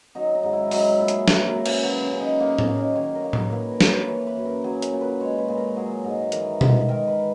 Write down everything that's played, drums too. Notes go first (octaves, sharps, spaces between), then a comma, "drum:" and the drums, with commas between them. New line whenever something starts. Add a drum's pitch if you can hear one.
F#3 D#4
D#4
G#2
E4
F#3 D#4, drum: open hi-hat
E4
A#2
G#4, drum: hi-hat
F#3 A#4, drum: snare
A#4
C#3
B4, drum: cymbal
F#3
C#4
C#3
D#4
A#3
C#4, drum: tom
A#3
D#4
D#3 C#5
A#4
A#3
C#5, drum: tom A2
A#3 B4
A#4
A#3 C#5, drum: snare
B4
E3 C#5
B4
F#2
A#4
F#3 G#4
A#4, drum: hi-hat
A#2
B4
G#3 C#5
B4
A#2
A#4
F#3 G#4
G#2
E3 A#4, drum: hi-hat
G#2, drum: tom B2
D#3 A#4
B4